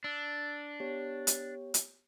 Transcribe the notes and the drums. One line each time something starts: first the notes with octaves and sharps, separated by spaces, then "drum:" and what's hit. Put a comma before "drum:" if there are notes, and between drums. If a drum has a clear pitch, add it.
D4 E6
B3 G4 C#5
drum: hi-hat
drum: hi-hat